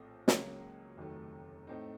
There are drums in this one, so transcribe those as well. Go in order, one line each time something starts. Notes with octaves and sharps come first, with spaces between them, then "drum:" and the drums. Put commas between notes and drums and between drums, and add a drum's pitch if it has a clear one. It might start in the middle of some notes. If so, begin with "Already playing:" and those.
Already playing: A#1 A2 A3 C4
C#2 C#3 F#3 A#3 C#4, drum: snare
F1 D#2 D#3 F#3 A3
A2 A3 C4 D#4